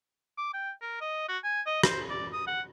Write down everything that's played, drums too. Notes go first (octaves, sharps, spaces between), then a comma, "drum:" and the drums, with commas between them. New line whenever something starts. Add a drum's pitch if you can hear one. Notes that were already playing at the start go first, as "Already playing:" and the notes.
D6
G5
A#4
D#5
F#4
G#5
D#5
C5, drum: rim click
D5
D#6
F#5